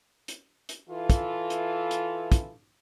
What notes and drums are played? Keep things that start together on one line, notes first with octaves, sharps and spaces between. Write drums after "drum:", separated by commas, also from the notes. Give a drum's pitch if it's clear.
drum: hi-hat
drum: hi-hat
E3 F4 A4
drum: kick, hi-hat
drum: hi-hat
drum: hi-hat
drum: kick, hi-hat